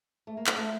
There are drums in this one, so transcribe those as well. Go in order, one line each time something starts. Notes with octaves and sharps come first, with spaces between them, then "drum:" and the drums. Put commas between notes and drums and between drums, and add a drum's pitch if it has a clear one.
A3
A#3
B3, drum: clap
A3